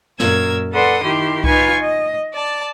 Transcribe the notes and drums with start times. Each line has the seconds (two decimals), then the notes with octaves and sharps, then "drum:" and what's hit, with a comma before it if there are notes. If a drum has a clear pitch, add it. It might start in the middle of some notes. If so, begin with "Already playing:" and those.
0.20 F#2 A#2 A#4 E6 G#6, drum: snare
0.72 A4 B4 D5 F#5 C6 D#6
1.03 D#3 E4 G4 A#4 C6
1.44 D#4 F4 B4 G#5 C#6, drum: kick C2
1.80 D#5
2.35 D5 A5